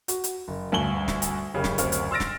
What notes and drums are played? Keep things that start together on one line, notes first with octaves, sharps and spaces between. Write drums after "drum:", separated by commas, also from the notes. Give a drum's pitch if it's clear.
F#4, drum: hi-hat
drum: hi-hat
F#1
D2 G2 G#5 F#7 G7
drum: snare
drum: hi-hat
F#1 C#3 C#4 G4
drum: snare
F#1 D2 C4 F6, drum: hi-hat
drum: hi-hat
C6 E6 F6 A6 A#6 D7
drum: snare